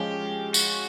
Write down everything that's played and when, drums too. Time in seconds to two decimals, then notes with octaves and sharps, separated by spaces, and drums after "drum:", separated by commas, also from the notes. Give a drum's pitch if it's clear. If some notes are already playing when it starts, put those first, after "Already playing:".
Already playing: F3 G#3 C#4 F4 G4
0.54 F#4, drum: tambourine